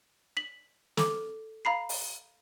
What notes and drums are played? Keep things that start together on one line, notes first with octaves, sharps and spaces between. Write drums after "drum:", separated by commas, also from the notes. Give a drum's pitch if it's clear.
B6 F#7
A4 D6, drum: snare
F5 A#5 B5 C7
drum: open hi-hat